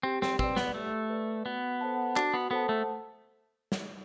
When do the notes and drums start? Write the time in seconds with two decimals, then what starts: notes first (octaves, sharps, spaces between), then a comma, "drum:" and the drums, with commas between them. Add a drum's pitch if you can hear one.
0.03 C4 G4
0.22 C4, drum: snare
0.39 C4 B4 D5, drum: kick
0.56 B3, drum: snare
0.74 A3 G4
1.10 B4 D5
1.45 B3 F#4
1.81 A4 C5 F#5 A5
2.16 D4 F#4, drum: clap
2.34 B3
2.51 B3 A4 C5 F#5 A5
2.69 A3
3.72 drum: snare